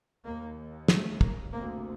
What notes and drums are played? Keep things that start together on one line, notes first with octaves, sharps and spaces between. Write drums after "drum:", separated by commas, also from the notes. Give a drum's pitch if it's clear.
D#2 A#3
A3, drum: snare
A#3, drum: kick
D2 C3 A#3